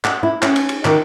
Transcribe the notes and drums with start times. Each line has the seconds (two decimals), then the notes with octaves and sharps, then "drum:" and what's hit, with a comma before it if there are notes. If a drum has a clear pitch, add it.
0.05 F#5, drum: clap
0.23 E4
0.42 C#4, drum: clap
0.56 drum: cymbal
0.69 drum: cymbal
0.85 D#3, drum: clap